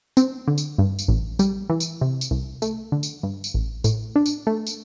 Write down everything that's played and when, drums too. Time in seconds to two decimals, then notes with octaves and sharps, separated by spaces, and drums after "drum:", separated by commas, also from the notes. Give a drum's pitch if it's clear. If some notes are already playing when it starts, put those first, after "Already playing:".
0.17 C4, drum: tambourine
0.48 D3
0.58 drum: tambourine
0.78 G2
0.99 drum: tambourine
1.08 A1
1.39 G3, drum: tambourine
1.70 E3
1.80 drum: tambourine
2.01 C3
2.21 drum: tambourine
2.31 C2
2.62 A3, drum: tambourine
2.92 D3
3.03 drum: tambourine
3.23 G2
3.44 drum: tambourine
3.54 A1
3.84 A2, drum: tambourine
4.16 D4
4.26 drum: tambourine
4.47 A3
4.67 drum: tambourine